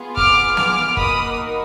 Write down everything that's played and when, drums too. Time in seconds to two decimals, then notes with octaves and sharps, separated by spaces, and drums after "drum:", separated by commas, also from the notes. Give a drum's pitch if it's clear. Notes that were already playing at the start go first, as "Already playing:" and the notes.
Already playing: B3 F4 G#4
0.17 D6 F6, drum: kick
0.57 D6 F6, drum: snare
0.97 A#3 D#4 F#4 B5 D#6, drum: kick